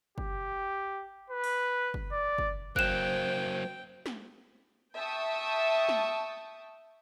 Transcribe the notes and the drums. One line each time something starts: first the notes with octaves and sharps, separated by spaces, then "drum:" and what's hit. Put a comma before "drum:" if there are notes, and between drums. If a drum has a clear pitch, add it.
G4, drum: kick
B4
drum: open hi-hat
drum: kick
D5
drum: kick
F#3 A#3 C5 G5 F#6 E7, drum: kick
drum: snare
E5 G5 A5 C#6 D#6
drum: snare